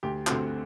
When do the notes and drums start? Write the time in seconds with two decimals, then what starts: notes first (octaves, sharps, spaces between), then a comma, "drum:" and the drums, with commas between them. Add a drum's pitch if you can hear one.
0.03 D2 G4
0.27 D3 A3 C4 F#4, drum: clap